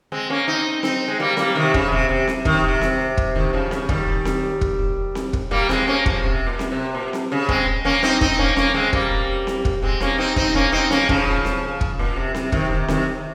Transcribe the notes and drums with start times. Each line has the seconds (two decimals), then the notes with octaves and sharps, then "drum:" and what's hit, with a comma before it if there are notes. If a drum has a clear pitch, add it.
0.12 G#3 C4
0.30 A#3 C#4
0.48 C4 D#4
0.83 C4 D#4, drum: snare C4
1.08 G#3
1.20 G3 A#3
1.37 G3 A#3, drum: snare C4
1.55 C3 D#3
1.74 C#3, drum: kick
1.92 C3
2.09 C3
2.27 drum: snare C4
2.45 C3 D#3, drum: kick
2.64 C3
2.81 drum: snare C4
3.17 drum: kick
3.35 C3 D#3
3.53 C#3 F3
3.71 C#3, drum: snare C4
3.89 D#3 G3, drum: kick
4.25 drum: snare C4
4.61 drum: kick
5.15 drum: snare C4
5.33 drum: kick
5.51 G3 A#3
5.69 G#3 C4, drum: snare C4
5.87 A#3 C#4
6.06 C#3 F3, drum: kick
6.23 C3
6.47 A#2
6.59 drum: snare C4
6.72 C3
6.95 A#2
7.13 drum: snare C4
7.32 C#3
7.48 G#3 C4, drum: kick
7.85 A#3 C#4
8.03 C4 D#4, drum: snare C4
8.21 C4 D#4, drum: kick
8.39 A#3 C#4
8.56 A#3 C#4, drum: snare C4
8.74 G#3 C4
8.93 G3 A#3, drum: kick
9.47 drum: snare C4
9.65 drum: kick
9.82 G#3 C4
10.00 A#3 C#4, drum: snare C4
10.18 C4 D#4
10.36 C4 D#4, drum: kick
10.55 A#3 C#4
10.72 C4 D#4
10.90 A#3 C#4, drum: snare C4
11.09 C#3 F3, drum: kick
11.45 drum: snare C4
11.81 drum: kick
11.99 A#2
12.16 C3
12.35 C3, drum: snare C4
12.52 C3 D#3, drum: kick
12.70 C3 D#3
12.88 C3 D#3, drum: snare C4